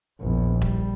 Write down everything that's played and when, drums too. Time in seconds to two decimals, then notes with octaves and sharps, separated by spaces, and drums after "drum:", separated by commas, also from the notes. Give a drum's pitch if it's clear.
0.20 A#1 E2
0.62 G3, drum: kick E1